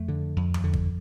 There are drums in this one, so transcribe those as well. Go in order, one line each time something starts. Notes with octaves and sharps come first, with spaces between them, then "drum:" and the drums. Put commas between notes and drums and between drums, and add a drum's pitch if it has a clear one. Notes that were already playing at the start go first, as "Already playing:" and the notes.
Already playing: F2 A3
D3
F2
drum: tom E2
D3
drum: kick